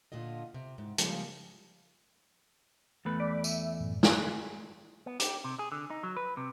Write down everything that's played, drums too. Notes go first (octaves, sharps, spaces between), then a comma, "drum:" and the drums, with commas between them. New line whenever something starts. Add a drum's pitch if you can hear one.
A#2 D3 F4 D#5
C3
G#2
C#3 F3 G3 G#3 A#3, drum: hi-hat
E2 A3 B4
D5 B5 D6
E5, drum: tambourine
F#2 A2
G#4 G#5 F#6, drum: snare
B3
G4, drum: hi-hat
C3
G#4
D3
D#4
F#3
B4
C3